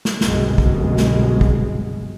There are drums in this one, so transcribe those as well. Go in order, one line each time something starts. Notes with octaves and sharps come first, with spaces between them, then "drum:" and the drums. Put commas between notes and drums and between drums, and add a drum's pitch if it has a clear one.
drum: snare
G1 C2 F#2 B2 G#3, drum: snare
drum: kick
drum: snare
drum: kick